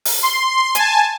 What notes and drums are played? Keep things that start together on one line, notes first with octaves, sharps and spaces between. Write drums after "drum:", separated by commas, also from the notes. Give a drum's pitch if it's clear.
drum: open hi-hat
C6
G#5 A5, drum: hi-hat